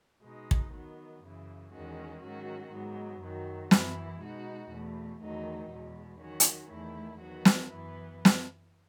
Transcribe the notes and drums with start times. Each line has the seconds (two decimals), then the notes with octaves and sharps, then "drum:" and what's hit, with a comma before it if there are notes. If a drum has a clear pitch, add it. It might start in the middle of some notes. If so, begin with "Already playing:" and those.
0.22 B2 G#3 D#4
0.51 drum: kick
0.72 D#3 F#3 B3
1.22 F#2 C#3 E3
1.71 E2 D#3 G#3 C#4 F#4
2.21 G#2 D#3 F#3 C#4 F#4
2.71 G#2 F#3 B3
3.21 F#2 D#3 F#3
3.71 F#2 E3 B3 E4, drum: snare
4.20 B2 G#3 D#4 F#4
4.70 E2 B2 A3
5.20 E2 D#3 F#3 A3 D#4
5.70 E2 B2 G#3
6.20 D#3 F#3 C#4 F#4
6.40 drum: hi-hat
6.69 E2 D#3 A3 E4
7.19 D#3 F#3 B3 F#4
7.45 drum: snare
7.69 F#2 E3 B3 E4
8.25 drum: snare